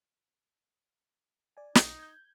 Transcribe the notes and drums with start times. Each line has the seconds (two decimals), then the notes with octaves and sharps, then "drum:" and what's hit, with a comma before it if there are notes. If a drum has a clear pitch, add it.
1.57 D5 G#5
1.75 B1 D#4, drum: snare
1.99 G6 G#6